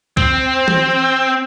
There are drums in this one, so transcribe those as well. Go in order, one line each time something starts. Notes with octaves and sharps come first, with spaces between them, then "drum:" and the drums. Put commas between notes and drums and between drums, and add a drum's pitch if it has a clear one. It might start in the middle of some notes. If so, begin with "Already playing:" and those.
C4, drum: kick C2
drum: tom E3